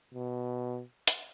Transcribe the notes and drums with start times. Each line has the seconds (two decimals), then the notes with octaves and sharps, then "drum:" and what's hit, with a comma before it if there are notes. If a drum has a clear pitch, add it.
0.14 B2
1.08 drum: hi-hat